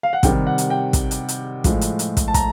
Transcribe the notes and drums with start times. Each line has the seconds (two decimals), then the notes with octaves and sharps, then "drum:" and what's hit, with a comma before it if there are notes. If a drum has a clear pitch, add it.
0.03 F5
0.13 F#5
0.23 C3 D#3 G3 G5, drum: kick, hi-hat
0.47 F#5
0.58 drum: hi-hat
0.70 G5
0.93 drum: kick, hi-hat
1.11 drum: hi-hat
1.29 drum: hi-hat
1.64 A2 F3 G#3, drum: kick, hi-hat
1.81 drum: hi-hat
1.99 drum: hi-hat
2.17 drum: kick, hi-hat
2.28 A5
2.34 A#5, drum: kick, hi-hat